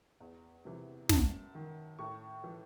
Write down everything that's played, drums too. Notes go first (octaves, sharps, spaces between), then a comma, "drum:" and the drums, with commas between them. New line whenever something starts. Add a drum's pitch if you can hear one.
E2
C3 E3
F#2 A5, drum: snare
D#3
A2 C#6
E3